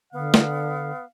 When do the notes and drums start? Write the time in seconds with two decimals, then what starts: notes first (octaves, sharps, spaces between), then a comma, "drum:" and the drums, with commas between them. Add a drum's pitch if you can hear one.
0.13 D3 B3 F5
0.34 drum: snare